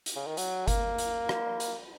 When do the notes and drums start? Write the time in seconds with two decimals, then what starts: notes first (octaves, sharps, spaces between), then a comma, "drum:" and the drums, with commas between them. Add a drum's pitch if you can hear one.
0.06 drum: hi-hat
0.16 C#3
0.27 D#3
0.37 F#3, drum: hi-hat
0.68 A#3, drum: kick G1, hi-hat
0.98 drum: hi-hat
1.29 drum: rim click
1.60 drum: hi-hat